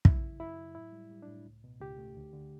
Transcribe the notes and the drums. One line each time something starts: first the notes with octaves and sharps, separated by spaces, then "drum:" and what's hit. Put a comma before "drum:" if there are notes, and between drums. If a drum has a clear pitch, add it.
F#2 E4, drum: kick
C#3
F#2 E4
F#3
A2 E4
G3
G3
D4
A2
C#2
B2
C#2 G4
A3
D2
D3